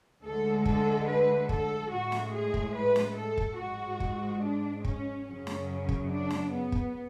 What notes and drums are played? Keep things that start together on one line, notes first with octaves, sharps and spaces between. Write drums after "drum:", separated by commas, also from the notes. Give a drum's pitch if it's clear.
D2 D3 G#3 A4
A4, drum: kick
B4
A4, drum: kick
A2 G#3 F#4
drum: snare
G#4
drum: kick
B4
drum: snare
A4
drum: kick
G#2 G#3 F#4
drum: kick
D4
C#4, drum: kick
F#2 C#3 F#3 C#4
drum: snare
drum: kick
D4
drum: snare
B3
drum: kick